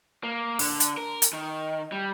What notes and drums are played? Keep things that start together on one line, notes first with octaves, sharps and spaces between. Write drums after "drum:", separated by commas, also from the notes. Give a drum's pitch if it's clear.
A#3
D3, drum: open hi-hat
drum: hi-hat
A#4
drum: hi-hat
D#3
G3